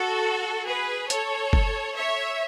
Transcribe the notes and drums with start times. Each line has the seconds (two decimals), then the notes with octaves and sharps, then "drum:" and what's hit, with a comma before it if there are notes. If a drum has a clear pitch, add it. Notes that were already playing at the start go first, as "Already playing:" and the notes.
Already playing: F#4 A4
0.66 G#4 B4
1.10 A4 C#5, drum: hi-hat
1.53 drum: kick F#1
1.96 C#5 E5